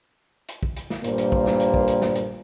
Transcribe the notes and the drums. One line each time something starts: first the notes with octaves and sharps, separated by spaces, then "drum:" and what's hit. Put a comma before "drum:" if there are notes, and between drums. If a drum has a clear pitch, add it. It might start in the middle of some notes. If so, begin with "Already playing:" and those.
drum: hi-hat
drum: kick
drum: hi-hat
drum: snare
G2 A#2 A#3 C5, drum: hi-hat
drum: hi-hat
drum: kick
drum: snare
drum: hi-hat
drum: kick
drum: hi-hat
drum: snare
drum: hi-hat